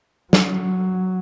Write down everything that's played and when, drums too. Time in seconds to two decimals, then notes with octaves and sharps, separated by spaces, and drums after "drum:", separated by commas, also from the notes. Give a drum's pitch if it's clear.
0.33 F#3, drum: snare